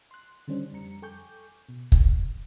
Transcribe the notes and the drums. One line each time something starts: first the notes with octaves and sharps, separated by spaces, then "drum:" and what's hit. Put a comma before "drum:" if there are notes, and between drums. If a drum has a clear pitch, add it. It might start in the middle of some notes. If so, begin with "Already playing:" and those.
C6 F#6
D3 D#3 G3 C#4 D4 C5
F2 G3 A#5 C#7
A4 G5 G#5 C#6 D6 G6
B2
drum: kick
C#2